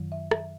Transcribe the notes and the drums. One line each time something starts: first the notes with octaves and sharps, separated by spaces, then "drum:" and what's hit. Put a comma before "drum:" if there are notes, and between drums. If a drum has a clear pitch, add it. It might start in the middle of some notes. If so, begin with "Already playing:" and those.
Already playing: F#2 D#3 F#3
E5
E5, drum: rim click